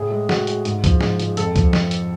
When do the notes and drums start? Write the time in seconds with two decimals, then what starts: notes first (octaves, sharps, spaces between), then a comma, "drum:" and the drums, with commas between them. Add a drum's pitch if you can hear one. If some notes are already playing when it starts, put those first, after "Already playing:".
Already playing: A2 G#4
0.11 G#3
0.29 A2 F#4, drum: snare
0.47 G#3, drum: hi-hat
0.65 G#2, drum: hi-hat
0.84 F3 G#3, drum: kick C#2, hi-hat
1.01 G#2, drum: snare
1.20 F3 G#3, drum: hi-hat
1.37 F2 A4, drum: hi-hat
1.56 F3, drum: kick C#2, hi-hat
1.73 drum: snare
1.91 drum: hi-hat